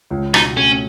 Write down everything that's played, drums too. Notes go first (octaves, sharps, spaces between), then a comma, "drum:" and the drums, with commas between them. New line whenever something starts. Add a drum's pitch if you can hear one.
C#2
B2 D#4, drum: rim click
A3 C#4